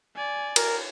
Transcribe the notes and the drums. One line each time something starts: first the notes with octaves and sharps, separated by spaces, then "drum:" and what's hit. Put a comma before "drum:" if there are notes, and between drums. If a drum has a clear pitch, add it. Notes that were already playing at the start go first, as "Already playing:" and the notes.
D5 G#5
A#4, drum: cymbal